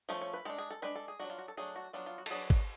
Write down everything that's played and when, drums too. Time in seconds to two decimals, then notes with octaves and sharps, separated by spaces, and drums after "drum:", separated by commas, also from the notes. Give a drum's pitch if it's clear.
0.09 F3 A3 C#4
0.21 C#5
0.33 B4
0.45 G#3 D4 A4
0.58 G#4
0.71 A4
0.82 G#3 D4 B4
0.96 A4
1.08 G#4
1.20 F#3 A3 D4 F#4
1.30 F4
1.38 F#4
1.48 A4
1.57 F#3 A3 D4 G#4
1.76 F#4
1.93 F#3 B3 D4 F4
2.06 F4
2.18 F#4
2.26 A4, drum: cymbal
2.31 F#3 B3 D4 G#4
2.50 drum: kick